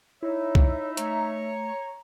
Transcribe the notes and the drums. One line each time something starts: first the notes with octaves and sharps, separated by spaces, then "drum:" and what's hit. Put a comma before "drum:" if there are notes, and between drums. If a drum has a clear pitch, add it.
D#4 E4 C#5 E5
drum: kick
A3 C#5 A#5, drum: hi-hat